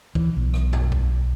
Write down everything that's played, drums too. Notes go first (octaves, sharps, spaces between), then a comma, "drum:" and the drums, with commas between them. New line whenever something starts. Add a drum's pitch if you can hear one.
E3, drum: kick C#2
B1
drum: rim click
drum: tom F#2
drum: kick C#2